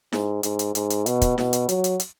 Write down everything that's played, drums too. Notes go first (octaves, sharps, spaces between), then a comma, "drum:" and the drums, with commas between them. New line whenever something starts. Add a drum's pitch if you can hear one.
G#2, drum: snare E4
G#2, drum: hi-hat
drum: hi-hat
G#2, drum: hi-hat
drum: hi-hat
B2, drum: hi-hat
drum: kick, hi-hat
B2, drum: snare E4
drum: hi-hat
F#3, drum: hi-hat
drum: hi-hat
drum: hi-hat